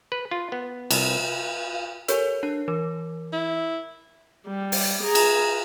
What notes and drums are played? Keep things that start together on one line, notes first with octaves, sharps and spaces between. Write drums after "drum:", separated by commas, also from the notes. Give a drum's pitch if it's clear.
B4
F4
B3
C2, drum: cymbal
F5
G4 A4 A#4 C#5 G#5 C#6, drum: hi-hat
D4 A5
E3 A#4
E4
G3
drum: open hi-hat
G#4 A#5
drum: cymbal